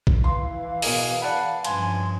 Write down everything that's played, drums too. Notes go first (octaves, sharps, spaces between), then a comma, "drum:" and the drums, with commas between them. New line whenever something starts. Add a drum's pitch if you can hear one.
drum: kick A#1
E3 F5 C6
B2 G#4 A#4, drum: open hi-hat
D5 F#5 A5 B5
G2 F3 C#4 G#5 C6, drum: cymbal